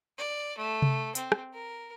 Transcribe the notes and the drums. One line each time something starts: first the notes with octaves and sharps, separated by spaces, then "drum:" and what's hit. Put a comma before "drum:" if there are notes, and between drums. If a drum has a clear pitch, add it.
D5
A3
drum: tom C3
C4, drum: hi-hat
drum: rim click
A#4